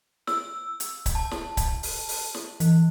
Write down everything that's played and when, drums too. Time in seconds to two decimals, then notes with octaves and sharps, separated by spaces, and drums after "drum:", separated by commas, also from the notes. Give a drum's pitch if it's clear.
0.27 E6, drum: snare
0.80 drum: hi-hat
1.06 drum: kick C#1, hi-hat
1.15 A5
1.31 drum: snare
1.57 drum: kick C#1, hi-hat
1.83 drum: open hi-hat
2.09 drum: open hi-hat
2.34 drum: snare
2.60 E3, drum: hi-hat